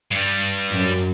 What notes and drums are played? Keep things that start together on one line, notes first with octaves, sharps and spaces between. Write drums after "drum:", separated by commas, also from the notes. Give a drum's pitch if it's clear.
G2 G3
F#2, drum: hi-hat
drum: hi-hat